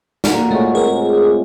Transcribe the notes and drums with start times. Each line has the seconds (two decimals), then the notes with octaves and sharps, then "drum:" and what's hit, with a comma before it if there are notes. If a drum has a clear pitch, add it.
0.24 A#2 A#3 F#4, drum: snare
0.51 A2 G#3 A3 C#6
0.75 C3 F4 G#4 A#4